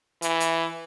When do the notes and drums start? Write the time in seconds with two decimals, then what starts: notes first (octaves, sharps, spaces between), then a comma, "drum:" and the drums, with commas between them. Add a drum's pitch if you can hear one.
0.22 E3, drum: hi-hat
0.40 drum: hi-hat